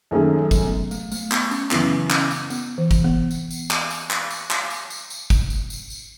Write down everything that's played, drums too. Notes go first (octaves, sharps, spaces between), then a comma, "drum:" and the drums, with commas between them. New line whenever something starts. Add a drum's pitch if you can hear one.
F#2 D#3 F#3 A3 C#4 G#4
F#3
drum: kick, tambourine
B3
A3, drum: tambourine
A3, drum: tambourine
B3, drum: clap
C#4, drum: tambourine
F#2 C#3 E3 B3, drum: clap
C#4, drum: clap
drum: tambourine
B3, drum: tambourine
E3
drum: kick, tambourine
B3
drum: tambourine
drum: tambourine
drum: clap
drum: tambourine
drum: clap
drum: tambourine
drum: clap
drum: tambourine
drum: tambourine
drum: tambourine
drum: kick, tambourine
drum: tambourine
drum: tambourine
drum: tambourine